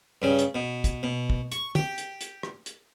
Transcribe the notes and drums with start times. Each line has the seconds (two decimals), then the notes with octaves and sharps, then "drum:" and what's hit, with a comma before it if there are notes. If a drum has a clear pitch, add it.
0.22 G2 C#3
0.39 drum: hi-hat
0.55 B2
0.84 drum: kick, hi-hat
1.03 B2
1.30 drum: kick
1.52 C#6, drum: hi-hat
1.75 G4, drum: tom
1.98 drum: hi-hat
2.21 drum: hi-hat
2.43 drum: rim click
2.66 drum: hi-hat